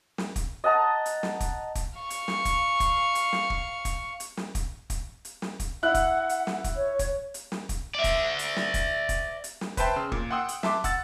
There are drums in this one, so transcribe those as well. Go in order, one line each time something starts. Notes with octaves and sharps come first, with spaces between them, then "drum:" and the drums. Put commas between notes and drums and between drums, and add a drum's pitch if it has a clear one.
drum: snare
drum: kick, hi-hat
D#5 F#5 A5 A#5
drum: hi-hat
drum: snare
drum: kick, hi-hat
drum: kick, hi-hat
F5 C#6
drum: hi-hat
drum: snare
drum: kick, hi-hat
drum: kick, hi-hat
drum: hi-hat
drum: snare
drum: kick
drum: kick, hi-hat
drum: hi-hat
drum: snare
drum: kick, hi-hat
drum: kick, hi-hat
drum: hi-hat
drum: snare
drum: kick, hi-hat
E4 F#5 F#6
drum: kick, hi-hat
drum: hi-hat
drum: snare
drum: kick, hi-hat
C#5
drum: kick, hi-hat
drum: hi-hat
drum: snare
drum: kick, hi-hat
D5 E5
drum: kick, hi-hat
drum: hi-hat
drum: snare
drum: kick, hi-hat
drum: kick, hi-hat
drum: hi-hat
drum: snare
B4 C5 E5 G5 A5 C6, drum: kick, hi-hat
C#3 C6 E6
A#2, drum: kick
F#5 G5 C6 D#6 E6 F#6
drum: hi-hat
E5 A5 C6 D6, drum: snare
F#5 E6 A6, drum: kick, hi-hat